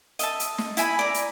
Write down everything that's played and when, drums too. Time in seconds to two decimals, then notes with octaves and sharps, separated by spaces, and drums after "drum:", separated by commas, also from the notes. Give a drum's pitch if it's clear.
0.19 D#5 E5 A5, drum: hi-hat
0.40 drum: hi-hat
0.58 drum: snare
0.77 E4 E5 G#5 B5, drum: hi-hat
0.99 D5 A#5
1.14 drum: hi-hat